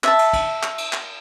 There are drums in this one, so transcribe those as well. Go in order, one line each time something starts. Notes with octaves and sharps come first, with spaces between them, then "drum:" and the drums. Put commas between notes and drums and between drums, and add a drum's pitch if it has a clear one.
E5 A5, drum: clap
drum: cymbal
drum: kick, cymbal
drum: clap
drum: cymbal
drum: clap